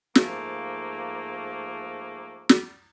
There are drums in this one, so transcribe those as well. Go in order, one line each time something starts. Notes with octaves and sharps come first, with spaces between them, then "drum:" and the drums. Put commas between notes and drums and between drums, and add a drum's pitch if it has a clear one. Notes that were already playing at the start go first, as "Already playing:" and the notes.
G#2 F3 A3 A#3, drum: snare
drum: snare